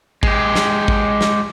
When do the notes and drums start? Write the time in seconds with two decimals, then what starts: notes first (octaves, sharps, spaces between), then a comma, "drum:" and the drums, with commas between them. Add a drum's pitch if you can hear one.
0.23 G#3 G4, drum: kick
0.55 drum: snare
0.88 drum: kick
1.21 drum: snare